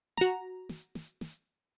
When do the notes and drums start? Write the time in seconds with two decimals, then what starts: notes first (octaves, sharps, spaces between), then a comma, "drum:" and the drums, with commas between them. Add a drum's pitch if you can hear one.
0.17 F#4 A#5, drum: snare
0.69 drum: snare
0.95 drum: snare
1.21 drum: snare